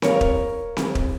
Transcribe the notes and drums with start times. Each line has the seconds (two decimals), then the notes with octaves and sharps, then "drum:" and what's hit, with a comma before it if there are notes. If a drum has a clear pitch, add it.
0.02 A#4 C#5 F5, drum: snare C4
0.21 drum: kick
0.77 drum: snare C4
0.95 drum: kick